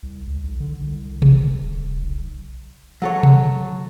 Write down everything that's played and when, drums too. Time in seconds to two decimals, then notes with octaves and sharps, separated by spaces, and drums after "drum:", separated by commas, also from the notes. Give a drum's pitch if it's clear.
0.03 C2
0.27 C#2
0.44 B1
0.60 D3
0.81 C2
1.22 F#1, drum: tom C3
1.44 D#1
2.02 B1
3.02 F#3 A4 C#5
3.23 drum: tom C3